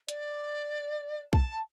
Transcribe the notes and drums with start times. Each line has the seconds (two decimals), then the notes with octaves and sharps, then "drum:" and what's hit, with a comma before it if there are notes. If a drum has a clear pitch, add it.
0.08 D5, drum: hi-hat
1.33 A5, drum: kick B1